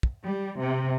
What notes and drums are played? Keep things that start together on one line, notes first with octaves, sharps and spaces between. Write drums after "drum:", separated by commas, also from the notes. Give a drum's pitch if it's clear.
drum: kick
G3
C3